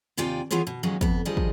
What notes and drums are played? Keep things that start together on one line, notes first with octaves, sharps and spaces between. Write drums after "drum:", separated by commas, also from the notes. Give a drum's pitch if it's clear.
D#2 C3 F4 D5 G5 G#5
E3 B3 E4 F4 G#4 C#5
B2
A#2 D#3 F#3 G#3 C#4
F2 B3, drum: kick
D3 D#3 F3 G3 G#4 D#5
drum: kick